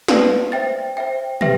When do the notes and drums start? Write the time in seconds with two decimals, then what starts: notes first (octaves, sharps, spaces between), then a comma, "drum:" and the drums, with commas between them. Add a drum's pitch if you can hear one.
0.08 B4 D5 F5, drum: snare
0.52 C5 E5 G5 A6
0.97 C5 E5 G5
1.41 G4 B4 E5 G5 A#6, drum: tom